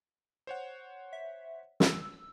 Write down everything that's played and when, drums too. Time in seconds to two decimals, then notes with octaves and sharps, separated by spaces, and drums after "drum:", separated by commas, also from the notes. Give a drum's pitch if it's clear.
0.47 C5 C#5 F#5
1.13 E5
1.80 E6, drum: snare